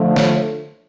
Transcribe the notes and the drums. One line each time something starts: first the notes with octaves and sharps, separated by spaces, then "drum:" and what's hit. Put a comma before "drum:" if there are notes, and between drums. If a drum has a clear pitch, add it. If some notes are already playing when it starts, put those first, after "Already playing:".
Already playing: D3 F3 A3
C#5, drum: snare